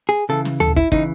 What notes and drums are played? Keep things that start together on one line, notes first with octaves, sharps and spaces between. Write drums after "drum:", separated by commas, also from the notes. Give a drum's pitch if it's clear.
G#4
C#3 E3 A4
drum: snare
A4, drum: tom D2
E4, drum: kick
C#3 E3 D#4, drum: kick